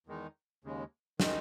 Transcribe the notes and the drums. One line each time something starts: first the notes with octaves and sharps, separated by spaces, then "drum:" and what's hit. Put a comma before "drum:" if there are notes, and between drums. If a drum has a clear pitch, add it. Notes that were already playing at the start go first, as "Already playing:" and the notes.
E2 D#3 G#3 D#4
D#2 C#3 G#3
D#3 G#3 D#4, drum: snare